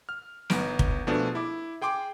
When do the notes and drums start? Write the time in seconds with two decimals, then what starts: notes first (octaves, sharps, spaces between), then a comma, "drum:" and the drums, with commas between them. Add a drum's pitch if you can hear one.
0.09 F6
0.50 G1 B3 D#4 D7, drum: snare
0.79 drum: kick
1.07 B2 F3 A3 B3 D4 G#4
1.35 E4 D6
1.82 G#4 G5 C6 D6